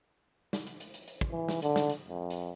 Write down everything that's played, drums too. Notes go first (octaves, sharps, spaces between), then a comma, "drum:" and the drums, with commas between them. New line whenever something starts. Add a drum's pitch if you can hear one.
drum: snare
drum: hi-hat
drum: hi-hat
drum: hi-hat
drum: hi-hat
drum: kick
E3
drum: snare
D3, drum: hi-hat
drum: snare
drum: hi-hat
F2
drum: hi-hat